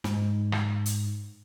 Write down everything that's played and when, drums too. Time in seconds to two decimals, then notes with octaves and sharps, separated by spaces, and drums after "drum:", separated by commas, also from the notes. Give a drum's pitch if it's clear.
0.04 G#2, drum: snare
0.52 drum: rim click
0.86 drum: hi-hat